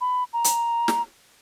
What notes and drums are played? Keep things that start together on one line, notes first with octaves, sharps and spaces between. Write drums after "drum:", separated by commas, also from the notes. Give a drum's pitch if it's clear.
B5
A#5
drum: hi-hat
drum: snare